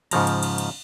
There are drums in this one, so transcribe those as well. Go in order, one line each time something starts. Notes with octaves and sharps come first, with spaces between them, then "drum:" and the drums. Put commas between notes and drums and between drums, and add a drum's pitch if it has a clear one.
G#2 C#3 F3 A#5, drum: cymbal
drum: cymbal
drum: cymbal
drum: cymbal